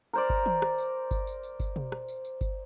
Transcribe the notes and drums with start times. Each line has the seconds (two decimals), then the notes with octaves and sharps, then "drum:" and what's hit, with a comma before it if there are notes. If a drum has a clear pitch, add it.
0.13 A#4 C5 D5
0.30 drum: kick G1
0.46 drum: tom
0.62 drum: rim click
0.78 drum: tambourine
1.11 drum: kick G1, tambourine
1.27 drum: tambourine
1.43 drum: tambourine
1.60 drum: kick G1, tambourine
1.76 drum: tom B2
1.92 drum: rim click
2.08 drum: tambourine
2.25 drum: tambourine
2.41 drum: kick G1, tambourine